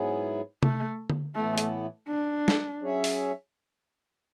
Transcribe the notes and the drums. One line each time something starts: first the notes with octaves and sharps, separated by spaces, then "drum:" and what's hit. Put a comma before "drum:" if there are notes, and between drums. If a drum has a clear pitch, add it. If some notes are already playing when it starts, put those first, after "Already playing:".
Already playing: G#2 F#3 B3 E4 G#4
A3, drum: tom C3
drum: tom D3
A2 E3 A3 B3 E4
drum: hi-hat
D4
drum: snare
F#3 C#4 G#4 C#5 E5
drum: open hi-hat